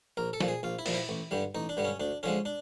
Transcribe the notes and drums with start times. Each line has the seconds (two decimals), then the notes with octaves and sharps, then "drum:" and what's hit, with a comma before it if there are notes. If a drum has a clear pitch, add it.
0.17 A#1 A#4
0.33 A4
0.40 A#2 F3, drum: snare
0.48 G#4
0.63 A#1 F4
0.79 E4
0.86 A#2 F3, drum: open hi-hat
0.94 E4
1.09 A1
1.31 G2 D3 G3
1.55 A1 D#4
1.69 D4
1.77 G2 D3 G3
1.84 C#4
2.00 D2 D4
2.23 D3 F3 G#3 C#4
2.45 D4